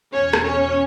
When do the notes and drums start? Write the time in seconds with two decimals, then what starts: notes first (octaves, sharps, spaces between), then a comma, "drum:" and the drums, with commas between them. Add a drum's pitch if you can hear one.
0.13 E2 B2 C#4 C#5
0.33 drum: rim click
0.44 C#4 C#5